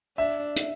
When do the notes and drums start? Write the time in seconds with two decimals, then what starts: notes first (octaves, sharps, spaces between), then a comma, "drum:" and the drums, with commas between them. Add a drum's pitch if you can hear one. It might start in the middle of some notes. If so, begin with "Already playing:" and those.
0.17 D4 E5
0.56 drum: hi-hat